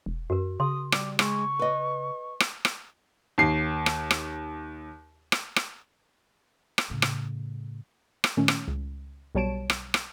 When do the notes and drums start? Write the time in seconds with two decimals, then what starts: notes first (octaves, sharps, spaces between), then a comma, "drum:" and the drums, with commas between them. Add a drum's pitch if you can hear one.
0.06 E1
0.30 F#2 F#4 A#4
0.60 C#3 C6 D#6
0.92 G3 D6, drum: rim click
1.19 G#3 C#6, drum: rim click
1.59 B4 D#5
2.40 drum: rim click
2.65 drum: rim click
3.38 D#2 C7
3.86 drum: rim click
4.11 drum: rim click
5.32 drum: rim click
5.56 drum: rim click
6.78 drum: rim click
6.90 A2 C#3
7.02 drum: rim click
8.24 drum: rim click
8.37 A#2 D#3 A3 C#4
8.48 drum: rim click
8.68 C#2
9.35 B1 G3 C#5 A5 D7 E7
9.70 drum: rim click
9.94 drum: rim click